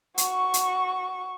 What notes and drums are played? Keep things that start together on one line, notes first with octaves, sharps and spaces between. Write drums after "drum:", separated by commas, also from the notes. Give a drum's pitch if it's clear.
F#4 C#6, drum: hi-hat
drum: hi-hat